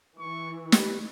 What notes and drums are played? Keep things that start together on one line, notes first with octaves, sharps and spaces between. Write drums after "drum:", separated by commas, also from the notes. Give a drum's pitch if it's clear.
E3 C#6
G4 B4, drum: snare